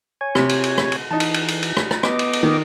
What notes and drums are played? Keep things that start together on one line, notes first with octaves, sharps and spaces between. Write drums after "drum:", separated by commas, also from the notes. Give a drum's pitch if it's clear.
C#5 G#5
C3, drum: rim click
drum: cymbal
drum: cymbal
drum: rim click
drum: cymbal
E3 D#4 A5
drum: cymbal
drum: cymbal
drum: cymbal
drum: cymbal
drum: rim click
drum: rim click
B3 D#5 D6, drum: rim click
drum: cymbal
drum: cymbal
D#3